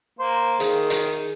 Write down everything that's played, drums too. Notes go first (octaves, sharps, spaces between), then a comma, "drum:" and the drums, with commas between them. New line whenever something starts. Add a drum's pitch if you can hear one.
A#3 C5
D#3 G#4, drum: hi-hat
drum: hi-hat